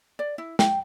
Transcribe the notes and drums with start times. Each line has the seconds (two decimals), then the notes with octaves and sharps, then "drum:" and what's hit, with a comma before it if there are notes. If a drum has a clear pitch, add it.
0.19 D5
0.38 E4
0.59 G5, drum: snare